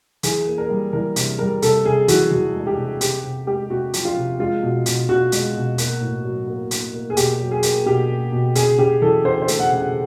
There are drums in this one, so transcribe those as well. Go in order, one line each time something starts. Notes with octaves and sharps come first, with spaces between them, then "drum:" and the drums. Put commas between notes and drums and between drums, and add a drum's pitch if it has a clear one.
E3 G#4, drum: hi-hat
A#3
A#4
G3
E3 A#4
C3, drum: hi-hat
G3 A#4
C3 A4, drum: hi-hat
C3 G#4
E3 F#4, drum: hi-hat
E3 F#4
G#3
G4
C3
C3 G4, drum: hi-hat
C3
G#3 G4
C3 F#4
F3, drum: hi-hat
F4
C3
G#3 F4
B2
B2, drum: hi-hat
B2 F#4
G#3, drum: hi-hat
B2
A#3, drum: hi-hat
A2
F#3
A#3
A#3, drum: hi-hat
A#3
G#4
B2 G4, drum: hi-hat
F#3
G#4
A#3, drum: hi-hat
B2 G4
A#3
B2
C#3 G#4, drum: hi-hat
C#3 G4
E3 A4
C#3 C5
C5
A3, drum: hi-hat
F#5
C#3
F#5